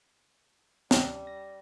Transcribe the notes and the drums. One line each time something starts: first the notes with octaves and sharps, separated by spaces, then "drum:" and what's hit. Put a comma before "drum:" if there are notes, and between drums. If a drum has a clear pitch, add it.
D2 G3 C#4 A5, drum: snare
A#6